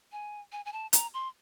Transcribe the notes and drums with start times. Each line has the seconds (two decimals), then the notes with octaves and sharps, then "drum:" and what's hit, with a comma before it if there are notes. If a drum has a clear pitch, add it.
0.12 G#5
0.52 G#5
0.65 G#5
0.73 A5
0.93 A#5, drum: hi-hat
1.14 C6